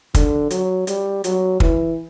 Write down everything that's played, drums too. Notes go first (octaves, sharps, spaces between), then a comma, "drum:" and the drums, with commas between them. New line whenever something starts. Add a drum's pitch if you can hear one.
D3, drum: kick, hi-hat
F#3, drum: hi-hat
G3, drum: hi-hat
F#3, drum: hi-hat
E3, drum: kick